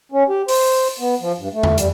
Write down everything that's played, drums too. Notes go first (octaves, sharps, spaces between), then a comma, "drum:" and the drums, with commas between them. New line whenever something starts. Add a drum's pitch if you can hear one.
C#4
G4
C5, drum: open hi-hat
B3
F3
G2
A3
drum: tom E2
G3, drum: hi-hat